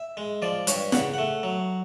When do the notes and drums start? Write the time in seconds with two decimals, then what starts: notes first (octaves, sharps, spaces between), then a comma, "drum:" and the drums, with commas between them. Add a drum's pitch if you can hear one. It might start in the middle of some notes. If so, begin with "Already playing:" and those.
Already playing: E5
0.17 G#3
0.42 F3 D5
0.67 G2 C#5, drum: hi-hat
0.92 C#3 F#5, drum: snare
1.14 A3 F#5
1.43 F#3